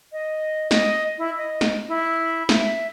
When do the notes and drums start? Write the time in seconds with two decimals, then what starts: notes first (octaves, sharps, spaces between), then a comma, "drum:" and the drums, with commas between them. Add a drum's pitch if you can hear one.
0.12 D#5
0.71 D#5, drum: snare
1.18 E4
1.38 D#5
1.61 drum: snare
1.88 E4
2.49 E5, drum: snare